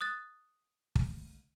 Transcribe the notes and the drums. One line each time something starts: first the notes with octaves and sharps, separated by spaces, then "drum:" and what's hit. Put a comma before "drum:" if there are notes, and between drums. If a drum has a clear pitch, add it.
D#6 F#6 A6
drum: kick